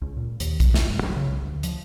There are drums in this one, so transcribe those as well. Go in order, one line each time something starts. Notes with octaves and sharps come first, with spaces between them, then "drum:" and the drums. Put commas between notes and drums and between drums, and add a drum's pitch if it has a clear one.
C#2
A#2
D#2, drum: hi-hat
C3, drum: kick B1, hi-hat
E1, drum: snare
G2
F#3
C#3
C2
D2
F3, drum: hi-hat